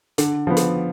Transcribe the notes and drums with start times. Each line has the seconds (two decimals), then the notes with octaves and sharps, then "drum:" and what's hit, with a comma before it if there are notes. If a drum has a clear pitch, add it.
0.18 D3, drum: hi-hat
0.47 F3 B3
0.57 drum: hi-hat